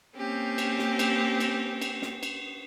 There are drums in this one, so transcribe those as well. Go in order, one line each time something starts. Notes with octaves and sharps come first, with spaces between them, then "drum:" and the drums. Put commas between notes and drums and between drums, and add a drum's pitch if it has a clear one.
A#3 C4 C#4 G4
drum: cymbal
drum: snare
drum: cymbal
drum: cymbal
drum: cymbal
drum: snare
drum: cymbal